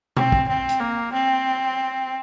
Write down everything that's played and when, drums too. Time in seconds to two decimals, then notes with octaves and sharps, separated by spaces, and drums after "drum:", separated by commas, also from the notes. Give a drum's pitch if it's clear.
0.17 C4, drum: tom
0.32 drum: kick
0.48 C4
0.69 drum: hi-hat
0.80 A#3
1.13 C4